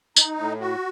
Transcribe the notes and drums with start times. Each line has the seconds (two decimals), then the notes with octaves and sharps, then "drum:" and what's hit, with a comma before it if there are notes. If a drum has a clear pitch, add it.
0.16 D#4, drum: tambourine
0.39 A2
0.61 F#4